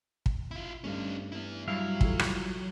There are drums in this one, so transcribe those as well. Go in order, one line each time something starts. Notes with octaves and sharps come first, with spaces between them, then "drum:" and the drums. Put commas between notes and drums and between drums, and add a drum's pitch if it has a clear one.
drum: kick
E4 F4
G2 A3 C#4 D#4
B3 E4
F#3 G3 E4 F5
E3 F4 A4, drum: kick
drum: rim click